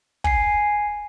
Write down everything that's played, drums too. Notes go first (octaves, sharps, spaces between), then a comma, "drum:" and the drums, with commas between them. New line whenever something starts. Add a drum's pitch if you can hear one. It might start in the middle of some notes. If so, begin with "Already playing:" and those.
G#5 C7, drum: kick